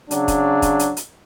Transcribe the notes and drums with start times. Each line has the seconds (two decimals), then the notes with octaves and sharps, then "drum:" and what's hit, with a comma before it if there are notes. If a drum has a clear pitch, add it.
0.11 C#3 F#3 D4, drum: hi-hat
0.28 drum: kick, hi-hat
0.62 drum: kick, hi-hat
0.79 drum: hi-hat
0.97 drum: hi-hat